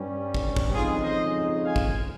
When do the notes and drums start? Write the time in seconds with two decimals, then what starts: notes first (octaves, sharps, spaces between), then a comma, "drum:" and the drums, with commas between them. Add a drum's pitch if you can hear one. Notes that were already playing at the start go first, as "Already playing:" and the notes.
Already playing: G2 G3 C#4
0.34 drum: kick
0.56 drum: kick
0.72 F2 C#3 G#3 D#4 F4 G#4
1.03 C5 D#5
1.65 F5 G#5
1.76 drum: kick